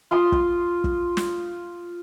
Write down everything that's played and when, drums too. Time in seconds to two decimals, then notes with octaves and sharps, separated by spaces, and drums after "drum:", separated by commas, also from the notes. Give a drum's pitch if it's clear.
0.11 F4 C6 D#6
0.32 drum: kick
0.84 drum: kick
1.17 drum: snare